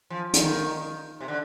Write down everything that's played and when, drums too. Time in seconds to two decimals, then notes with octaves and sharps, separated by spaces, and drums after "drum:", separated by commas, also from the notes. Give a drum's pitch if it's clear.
0.10 F3
0.34 F3, drum: hi-hat
0.40 D#3
1.21 C3
1.28 D3